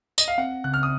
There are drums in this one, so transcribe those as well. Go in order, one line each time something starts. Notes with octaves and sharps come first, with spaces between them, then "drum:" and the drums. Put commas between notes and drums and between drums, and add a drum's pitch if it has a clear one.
D#5, drum: tambourine
F5
C4 F#5
C#3 F#6
F6
D#6